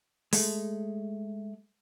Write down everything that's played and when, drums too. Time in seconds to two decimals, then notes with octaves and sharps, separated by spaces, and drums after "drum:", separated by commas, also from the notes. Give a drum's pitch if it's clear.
0.33 G#3 A3, drum: open hi-hat